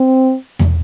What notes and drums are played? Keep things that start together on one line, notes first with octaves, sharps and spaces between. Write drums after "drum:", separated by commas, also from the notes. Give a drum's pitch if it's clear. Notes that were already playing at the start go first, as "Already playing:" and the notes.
Already playing: C4
drum: tom E2